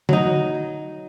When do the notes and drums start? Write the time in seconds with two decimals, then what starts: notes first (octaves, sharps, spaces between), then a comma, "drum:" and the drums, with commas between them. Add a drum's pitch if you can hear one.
0.09 F#3 D#4, drum: tom D3